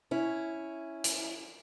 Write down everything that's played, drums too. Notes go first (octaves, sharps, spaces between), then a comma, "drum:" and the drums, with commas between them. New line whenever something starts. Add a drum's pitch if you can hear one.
C#4 E4
drum: hi-hat